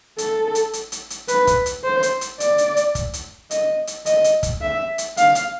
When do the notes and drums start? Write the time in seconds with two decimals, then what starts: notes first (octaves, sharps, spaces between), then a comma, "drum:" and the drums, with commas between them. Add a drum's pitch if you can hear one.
0.18 A4, drum: hi-hat
0.55 drum: hi-hat
0.73 drum: hi-hat
0.92 drum: hi-hat
1.10 drum: hi-hat
1.28 B4, drum: hi-hat
1.47 drum: kick, hi-hat
1.66 drum: hi-hat
1.84 C5
2.03 drum: hi-hat
2.21 drum: hi-hat
2.40 D5, drum: hi-hat
2.58 drum: hi-hat
2.77 drum: hi-hat
2.95 drum: kick, hi-hat
3.13 drum: hi-hat
3.51 D#5, drum: hi-hat
3.87 drum: hi-hat
4.06 D#5, drum: hi-hat
4.24 drum: hi-hat
4.43 drum: kick, hi-hat
4.62 E5
4.98 drum: hi-hat
5.17 F5, drum: hi-hat
5.35 drum: hi-hat